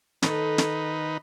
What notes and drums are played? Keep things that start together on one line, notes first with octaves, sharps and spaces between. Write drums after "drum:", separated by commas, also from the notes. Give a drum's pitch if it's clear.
D#3 D#4 A4 B4 C#5, drum: snare
drum: snare